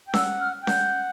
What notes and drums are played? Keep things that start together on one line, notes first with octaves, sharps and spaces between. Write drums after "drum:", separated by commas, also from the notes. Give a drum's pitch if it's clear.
G5
F#5 E6, drum: snare C#4
F6
G5
F#5 G6, drum: snare C#4